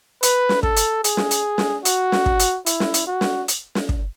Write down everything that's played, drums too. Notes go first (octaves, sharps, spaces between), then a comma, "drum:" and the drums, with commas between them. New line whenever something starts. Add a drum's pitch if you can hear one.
B4, drum: hi-hat
drum: snare
A4, drum: kick
drum: hi-hat
G#4, drum: hi-hat
drum: snare
drum: hi-hat
drum: snare
F#4, drum: hi-hat
drum: snare
drum: kick
drum: hi-hat
E4, drum: hi-hat
drum: snare
drum: hi-hat
F#4
drum: snare
drum: hi-hat
drum: snare
drum: kick